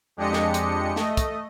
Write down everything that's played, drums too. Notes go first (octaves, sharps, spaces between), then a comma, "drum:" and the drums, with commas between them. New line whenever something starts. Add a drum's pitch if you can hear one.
F2 G#3 D4 G4 D#5 C#7
drum: snare
drum: hi-hat
A3 D#5, drum: snare
drum: kick, hi-hat